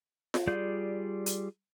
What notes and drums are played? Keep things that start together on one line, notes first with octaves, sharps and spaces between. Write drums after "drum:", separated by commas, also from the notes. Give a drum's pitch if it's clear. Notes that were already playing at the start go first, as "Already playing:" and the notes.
drum: snare F4
G3 F4 G#4 D5 G6
drum: hi-hat